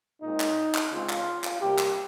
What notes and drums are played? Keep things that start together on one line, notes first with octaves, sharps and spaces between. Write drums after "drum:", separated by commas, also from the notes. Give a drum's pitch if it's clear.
A#2 G#3 C4 D#4
drum: clap
drum: clap
C#3 G#3 C4 F4
drum: clap
drum: clap
C3 G3 A#3 G4
drum: clap